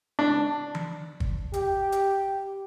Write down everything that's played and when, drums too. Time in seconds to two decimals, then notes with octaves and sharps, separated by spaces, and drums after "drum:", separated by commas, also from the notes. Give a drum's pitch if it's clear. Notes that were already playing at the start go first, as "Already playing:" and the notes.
0.19 D4
0.75 drum: tom E3
1.20 drum: kick
1.53 G4, drum: hi-hat
1.92 drum: hi-hat